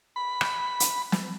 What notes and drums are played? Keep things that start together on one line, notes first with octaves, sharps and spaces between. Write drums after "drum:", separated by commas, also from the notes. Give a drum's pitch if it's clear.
B5
drum: rim click
drum: hi-hat
drum: snare